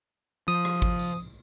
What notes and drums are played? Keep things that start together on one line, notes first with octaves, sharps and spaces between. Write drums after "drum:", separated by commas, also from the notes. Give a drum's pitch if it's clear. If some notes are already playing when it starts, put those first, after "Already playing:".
F3 D#6
drum: rim click
drum: kick
drum: tambourine